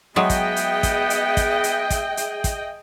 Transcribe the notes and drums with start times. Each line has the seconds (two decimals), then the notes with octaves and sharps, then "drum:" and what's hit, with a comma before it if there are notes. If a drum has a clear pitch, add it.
0.16 F#3 G#3 B3 G#4 D#5 E5 G5
0.30 drum: kick, hi-hat
0.56 drum: hi-hat
0.83 drum: kick, hi-hat
1.10 drum: hi-hat
1.37 drum: kick, hi-hat
1.64 drum: hi-hat
1.90 drum: kick, hi-hat
2.17 drum: hi-hat
2.44 drum: kick, hi-hat